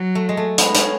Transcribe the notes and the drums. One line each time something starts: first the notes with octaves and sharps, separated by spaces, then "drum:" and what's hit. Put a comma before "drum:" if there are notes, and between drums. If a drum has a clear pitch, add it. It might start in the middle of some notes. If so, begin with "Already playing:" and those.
Already playing: F#3
A3
G#3
A3
G#3 B3, drum: hi-hat
C#4, drum: hi-hat